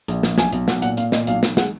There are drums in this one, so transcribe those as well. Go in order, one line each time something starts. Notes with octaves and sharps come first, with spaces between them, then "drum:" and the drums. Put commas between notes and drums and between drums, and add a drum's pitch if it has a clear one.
A#1, drum: hi-hat
A#1, drum: snare
B1 G#5, drum: snare
B1, drum: hi-hat
B1 F#5, drum: snare
A#2 F#5, drum: hi-hat
A#2 F5, drum: hi-hat
A#2 D#5, drum: snare
B1 F5, drum: hi-hat
B1, drum: snare
G#3 F#5, drum: snare